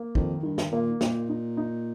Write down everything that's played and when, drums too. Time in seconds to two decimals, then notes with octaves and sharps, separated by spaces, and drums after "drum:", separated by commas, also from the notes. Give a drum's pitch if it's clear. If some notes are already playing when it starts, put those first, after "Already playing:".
Already playing: A#3
0.15 F2 D#3, drum: kick
0.43 G2 D#3
0.58 drum: snare
0.72 A#2 A#3
1.01 A#2 D#4, drum: snare
1.29 D#4
1.57 D#4